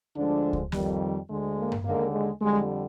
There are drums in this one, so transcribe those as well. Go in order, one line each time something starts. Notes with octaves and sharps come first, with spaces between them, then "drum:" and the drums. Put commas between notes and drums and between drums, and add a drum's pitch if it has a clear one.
D2 D3 F3 G#3 D4
drum: kick C#2
F2 D#3 G3, drum: snare
D2 D3 G#3
A#3
drum: tom G2
D#2 D3 G#3 A#3
G#3
F2 D3 G3 G#3